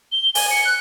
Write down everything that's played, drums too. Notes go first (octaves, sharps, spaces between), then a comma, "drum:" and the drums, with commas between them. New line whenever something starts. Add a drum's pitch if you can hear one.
G7
G#5, drum: open hi-hat
C#7
F#6